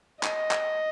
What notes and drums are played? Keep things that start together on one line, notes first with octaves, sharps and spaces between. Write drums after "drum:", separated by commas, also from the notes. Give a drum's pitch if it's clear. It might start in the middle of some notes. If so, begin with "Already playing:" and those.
D#5, drum: clap
drum: clap